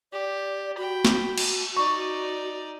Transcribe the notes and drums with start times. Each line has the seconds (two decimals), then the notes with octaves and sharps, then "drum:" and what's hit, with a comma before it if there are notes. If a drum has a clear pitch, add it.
0.13 G4 D5
0.77 F#4 G5 B5
1.05 drum: snare
1.38 drum: cymbal
1.77 D#4 D5 C#6